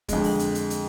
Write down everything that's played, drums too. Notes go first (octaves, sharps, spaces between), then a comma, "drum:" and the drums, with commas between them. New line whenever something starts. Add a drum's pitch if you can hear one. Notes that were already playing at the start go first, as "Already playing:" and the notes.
F2 D3 G#3, drum: kick, hi-hat
drum: open hi-hat
drum: hi-hat
drum: hi-hat
drum: hi-hat